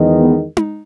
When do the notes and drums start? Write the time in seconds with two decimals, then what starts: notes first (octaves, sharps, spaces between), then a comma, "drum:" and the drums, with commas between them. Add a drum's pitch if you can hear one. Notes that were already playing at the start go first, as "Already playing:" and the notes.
Already playing: E2 D#3 G#3
0.19 B3
0.57 drum: tom D#4